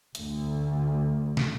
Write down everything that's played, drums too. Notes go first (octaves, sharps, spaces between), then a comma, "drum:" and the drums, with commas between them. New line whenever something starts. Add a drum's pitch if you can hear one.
D2, drum: hi-hat
drum: snare